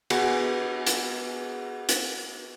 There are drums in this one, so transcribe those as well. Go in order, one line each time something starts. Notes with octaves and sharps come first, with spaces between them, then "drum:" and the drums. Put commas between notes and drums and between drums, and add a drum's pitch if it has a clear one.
B3 F#4 G#4 B4, drum: cymbal
drum: hi-hat
drum: hi-hat